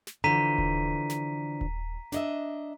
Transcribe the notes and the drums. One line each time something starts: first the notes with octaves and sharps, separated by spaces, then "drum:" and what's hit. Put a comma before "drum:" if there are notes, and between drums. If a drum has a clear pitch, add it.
drum: snare
D3 E3 F3 A#5 B6 D#7
drum: kick D#1
drum: snare
drum: kick D#1
D4 D#5 E5, drum: snare